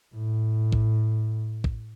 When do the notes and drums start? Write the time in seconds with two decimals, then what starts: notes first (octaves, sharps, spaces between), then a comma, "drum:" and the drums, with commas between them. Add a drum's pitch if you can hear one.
0.15 A2
0.73 drum: kick A1
1.64 drum: kick A1